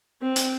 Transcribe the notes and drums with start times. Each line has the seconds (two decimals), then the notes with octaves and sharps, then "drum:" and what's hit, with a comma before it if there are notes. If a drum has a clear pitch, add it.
0.21 C4
0.36 drum: hi-hat